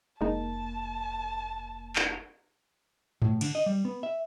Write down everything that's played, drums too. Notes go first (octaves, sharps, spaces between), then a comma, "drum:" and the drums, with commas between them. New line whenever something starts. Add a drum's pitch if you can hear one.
F1 G#3 A#3 D#4 A5
drum: clap
A2, drum: tom G#2
D3, drum: cymbal
D#5
G3
B3
E5